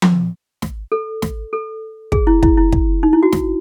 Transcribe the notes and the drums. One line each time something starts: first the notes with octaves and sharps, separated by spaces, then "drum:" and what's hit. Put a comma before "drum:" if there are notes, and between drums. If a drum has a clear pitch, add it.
drum: tom F3
drum: snare
A4
drum: snare
A4
G#4, drum: kick
E4
E4, drum: kick
E4
drum: kick
D#4
E4
F#4
drum: snare